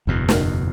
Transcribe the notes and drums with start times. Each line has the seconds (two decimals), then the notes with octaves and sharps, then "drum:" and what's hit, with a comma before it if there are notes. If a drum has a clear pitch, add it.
0.07 F#1 E2 B2
0.29 drum: snare